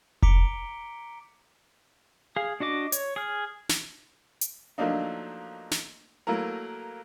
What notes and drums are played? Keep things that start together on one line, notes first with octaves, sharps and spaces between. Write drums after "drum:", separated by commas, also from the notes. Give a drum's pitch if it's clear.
A#5 D6 B6 C#7 D7 G7, drum: kick F1
G#4 F5
D4 F#4 D#5 D6
C#5, drum: hi-hat
G#4 F6
drum: snare
drum: hi-hat
F3 F#3 A3 A#3 D4 D#4
drum: snare
F#3 A3 A#3 E4 A#4